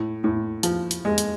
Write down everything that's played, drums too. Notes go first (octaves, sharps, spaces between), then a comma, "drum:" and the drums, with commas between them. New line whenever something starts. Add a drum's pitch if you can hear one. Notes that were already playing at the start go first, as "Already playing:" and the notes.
Already playing: A2
A2
F3, drum: hi-hat
drum: hi-hat
G#3
drum: hi-hat